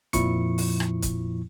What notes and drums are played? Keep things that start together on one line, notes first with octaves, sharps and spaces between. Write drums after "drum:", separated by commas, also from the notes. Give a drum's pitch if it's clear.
F2 A#2 F3 E4 C#6 C#7, drum: kick C#1, hi-hat
drum: open hi-hat
drum: rim click
drum: kick C#1, hi-hat